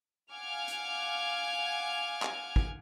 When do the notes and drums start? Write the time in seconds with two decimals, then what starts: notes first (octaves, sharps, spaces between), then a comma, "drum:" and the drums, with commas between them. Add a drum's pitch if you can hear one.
0.33 F5 F#5 G#5 D6 F6 G#6
0.68 drum: hi-hat
2.22 drum: clap
2.56 drum: kick